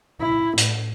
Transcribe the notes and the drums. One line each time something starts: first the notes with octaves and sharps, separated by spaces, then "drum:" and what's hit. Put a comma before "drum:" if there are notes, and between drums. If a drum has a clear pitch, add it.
E4
A2, drum: hi-hat